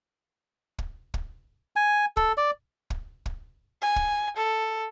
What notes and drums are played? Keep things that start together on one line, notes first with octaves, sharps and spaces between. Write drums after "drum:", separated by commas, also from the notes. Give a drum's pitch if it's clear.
drum: kick
drum: kick
G#5
A4, drum: kick
D5
drum: kick
drum: kick
G#5
drum: kick
A4